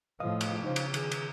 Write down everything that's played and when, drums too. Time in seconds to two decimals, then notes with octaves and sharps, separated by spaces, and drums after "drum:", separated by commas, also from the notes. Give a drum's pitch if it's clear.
0.20 A2 F3 D#5 F5 D#6
0.41 drum: cymbal
0.64 C#3 D#4 C5 F5
0.76 drum: cymbal
0.94 D#3 G#4, drum: cymbal
1.11 drum: cymbal